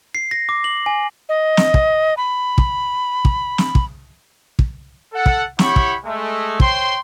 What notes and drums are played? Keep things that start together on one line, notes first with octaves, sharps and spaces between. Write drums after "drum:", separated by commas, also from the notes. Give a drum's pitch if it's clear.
C7
A#6
D6
F#7
G#5
D#5
drum: snare
drum: kick
B5
drum: kick
drum: kick
drum: snare
drum: kick
drum: kick
A4 F#5
drum: kick
E4 G4 C#5 F#5 B5 C#6, drum: snare
drum: kick
G#3 A3
C5 C#5 G5 C6, drum: kick